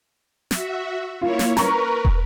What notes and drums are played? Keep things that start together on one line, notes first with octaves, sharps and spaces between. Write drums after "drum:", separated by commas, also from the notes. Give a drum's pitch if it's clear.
F#4 E5, drum: snare
A#3 E4 F4 C#5
drum: snare
A#4 B4 A#5 C#6, drum: snare
drum: kick